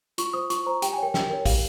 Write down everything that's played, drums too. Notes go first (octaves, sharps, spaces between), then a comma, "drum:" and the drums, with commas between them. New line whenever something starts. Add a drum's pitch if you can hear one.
F4 C#6, drum: hi-hat
C5 D#6
F4 C#6, drum: hi-hat
C5 A#5
G4 G5, drum: hi-hat
G#5
A#4 C#5 G5
G4 G5, drum: snare
A#4 C#5
G4 F5, drum: kick A1, open hi-hat